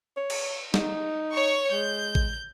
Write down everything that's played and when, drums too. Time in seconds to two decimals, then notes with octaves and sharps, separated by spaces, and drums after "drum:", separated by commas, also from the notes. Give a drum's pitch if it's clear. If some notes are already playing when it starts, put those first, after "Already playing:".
0.17 C#5
0.30 drum: cymbal
0.74 D#4, drum: snare
1.32 C#5 C#6
1.72 G#3 G6
2.15 drum: kick A1